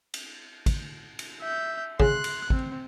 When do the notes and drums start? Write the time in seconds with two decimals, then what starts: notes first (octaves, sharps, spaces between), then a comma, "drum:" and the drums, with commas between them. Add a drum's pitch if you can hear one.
0.14 drum: cymbal
0.66 drum: kick, cymbal
1.19 drum: cymbal
1.41 E5 G6
2.00 C#3 C6 F#6, drum: kick
2.24 drum: cymbal
2.50 C4, drum: kick